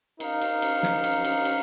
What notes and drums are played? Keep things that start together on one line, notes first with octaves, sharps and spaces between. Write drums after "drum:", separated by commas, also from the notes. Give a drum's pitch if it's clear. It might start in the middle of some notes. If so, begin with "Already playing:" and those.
D#4 A#4 F5, drum: cymbal
drum: cymbal
drum: cymbal
drum: snare
drum: cymbal
drum: cymbal
drum: cymbal